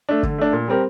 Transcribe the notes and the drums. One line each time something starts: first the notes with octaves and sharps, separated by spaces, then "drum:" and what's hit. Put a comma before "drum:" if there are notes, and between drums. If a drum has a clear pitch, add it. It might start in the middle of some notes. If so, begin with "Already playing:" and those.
A3 D4
D3, drum: kick
A3 D4
A#2
G3 C4 G4 A#4